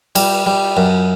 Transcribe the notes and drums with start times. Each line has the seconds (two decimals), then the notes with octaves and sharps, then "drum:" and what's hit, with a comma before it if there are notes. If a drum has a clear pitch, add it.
0.15 G3, drum: cymbal
0.46 G3
0.77 F#2